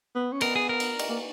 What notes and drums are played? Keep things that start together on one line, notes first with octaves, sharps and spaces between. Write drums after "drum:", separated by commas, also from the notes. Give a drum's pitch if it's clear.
B3
C#4
B3 A#4, drum: cymbal
G#4
A#4
drum: cymbal
drum: cymbal
A#3